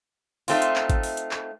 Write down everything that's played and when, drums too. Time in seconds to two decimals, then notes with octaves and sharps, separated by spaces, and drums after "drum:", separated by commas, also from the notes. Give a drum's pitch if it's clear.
0.48 A3 C4 D#4 F4, drum: open hi-hat
0.62 drum: hi-hat
0.76 drum: clap
0.90 drum: kick G#1, hi-hat
1.03 drum: open hi-hat
1.17 drum: hi-hat
1.31 drum: clap